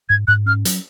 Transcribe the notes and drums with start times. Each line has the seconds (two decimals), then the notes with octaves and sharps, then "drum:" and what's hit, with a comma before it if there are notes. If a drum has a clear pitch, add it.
0.09 G#2 G#6
0.28 G#2 F#6
0.46 C#4 F6
0.65 F#3, drum: hi-hat